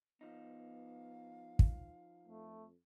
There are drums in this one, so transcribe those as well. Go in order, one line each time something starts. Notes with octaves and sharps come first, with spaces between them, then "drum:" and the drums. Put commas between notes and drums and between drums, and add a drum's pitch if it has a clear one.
F3 B3 D#4 F5
drum: kick
F2 A3